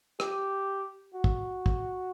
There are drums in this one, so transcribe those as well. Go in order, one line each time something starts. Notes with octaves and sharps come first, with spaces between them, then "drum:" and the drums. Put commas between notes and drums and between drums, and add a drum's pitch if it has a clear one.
G4, drum: rim click
F#4
drum: kick
drum: kick